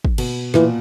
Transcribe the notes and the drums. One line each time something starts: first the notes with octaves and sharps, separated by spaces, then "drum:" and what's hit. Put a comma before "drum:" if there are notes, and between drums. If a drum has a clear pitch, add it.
drum: kick
B2, drum: cymbal
A#2 E3, drum: snare